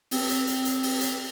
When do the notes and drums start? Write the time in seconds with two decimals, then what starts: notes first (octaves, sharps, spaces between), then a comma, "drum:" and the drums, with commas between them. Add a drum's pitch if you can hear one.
0.11 C4, drum: open hi-hat
0.29 drum: hi-hat
0.47 drum: hi-hat
0.65 drum: hi-hat
0.83 drum: open hi-hat
1.01 drum: hi-hat